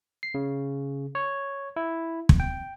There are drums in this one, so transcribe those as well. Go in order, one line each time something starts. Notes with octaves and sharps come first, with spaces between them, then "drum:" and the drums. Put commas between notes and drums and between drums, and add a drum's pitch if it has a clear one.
C7
C#3
C#5
E4
drum: kick
G5